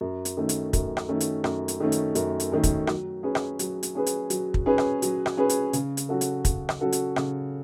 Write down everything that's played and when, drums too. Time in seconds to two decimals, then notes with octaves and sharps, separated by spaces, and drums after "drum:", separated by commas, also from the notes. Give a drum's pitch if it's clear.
0.01 F#2
0.25 drum: hi-hat
0.37 D#3 A3 C#4
0.49 drum: hi-hat
0.73 F#2, drum: kick, hi-hat
0.97 drum: rim click
1.09 D#3 A3 C#4
1.20 drum: hi-hat
1.44 F#2, drum: rim click
1.68 drum: hi-hat
1.80 D#3 A3 C#4
1.92 drum: hi-hat
2.15 F#2, drum: hi-hat
2.40 drum: hi-hat
2.52 D#3 A3 C#4
2.63 drum: kick, hi-hat
2.87 F#3, drum: rim click
3.23 C#4 G#4 B4
3.35 drum: rim click
3.59 F#3, drum: hi-hat
3.83 drum: hi-hat
3.95 C#4 G#4 B4
4.06 drum: hi-hat
4.30 F#3, drum: hi-hat
4.54 drum: kick
4.66 C#4 G#4 B4
4.78 drum: rim click
5.02 F#3, drum: hi-hat
5.26 drum: rim click
5.37 C#4 G#4 B4
5.49 drum: hi-hat
5.73 C#3, drum: hi-hat
5.97 drum: hi-hat
6.09 F#3 C#4 F#4 A4
6.21 drum: hi-hat
6.45 C#3, drum: kick, hi-hat
6.69 drum: rim click
6.81 F#3 C#4 F#4 A4
6.92 drum: hi-hat
7.16 C#3, drum: rim click